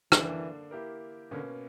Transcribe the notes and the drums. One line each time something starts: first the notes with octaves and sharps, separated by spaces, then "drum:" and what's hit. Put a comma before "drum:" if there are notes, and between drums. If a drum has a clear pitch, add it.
D3 E3 A#3 D4, drum: rim click
A#3 E4 G4 A#4
B2 D3 A#3 C#4